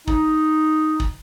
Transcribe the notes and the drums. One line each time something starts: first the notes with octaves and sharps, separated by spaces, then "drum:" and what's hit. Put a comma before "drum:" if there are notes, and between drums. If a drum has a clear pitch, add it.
D#4, drum: kick
drum: kick